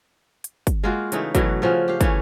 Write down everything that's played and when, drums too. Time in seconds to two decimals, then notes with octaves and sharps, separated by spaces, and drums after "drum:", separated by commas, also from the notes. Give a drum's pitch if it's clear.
0.44 drum: hi-hat
0.67 drum: kick, hi-hat
0.84 G#3 A#3 F4 F#4
1.12 C#3 E3 A3 D#4, drum: hi-hat
1.35 B2 E3 F#3 A3, drum: kick, hi-hat
1.62 C#3 F3 C#4 F#4
1.88 G4 F5
2.01 E3 A3 C#4, drum: kick, hi-hat